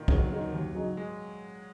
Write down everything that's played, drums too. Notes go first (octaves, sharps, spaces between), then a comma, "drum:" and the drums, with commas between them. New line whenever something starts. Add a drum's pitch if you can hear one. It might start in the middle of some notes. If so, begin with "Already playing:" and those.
Already playing: A#2 D#3
C#3 F#3, drum: kick
G#3 D#4 A#4
D#2
C#3 F#3 D#4 G#4
G#3